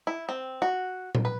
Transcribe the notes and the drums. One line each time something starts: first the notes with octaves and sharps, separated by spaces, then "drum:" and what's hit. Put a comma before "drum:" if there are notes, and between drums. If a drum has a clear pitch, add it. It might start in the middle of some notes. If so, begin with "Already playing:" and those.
E4
C4
F#4
drum: tom A#2
B4